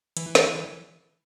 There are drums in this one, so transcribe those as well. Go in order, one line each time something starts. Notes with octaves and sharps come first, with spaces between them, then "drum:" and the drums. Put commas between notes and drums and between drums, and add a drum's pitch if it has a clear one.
E3, drum: hi-hat
drum: snare